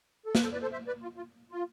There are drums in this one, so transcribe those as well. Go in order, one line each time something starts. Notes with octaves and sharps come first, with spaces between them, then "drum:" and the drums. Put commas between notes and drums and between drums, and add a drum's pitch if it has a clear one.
A4
B4, drum: snare
A4 C5
B4 D5
A4 C5
C5 E5
B4 D5
F4
F4
F4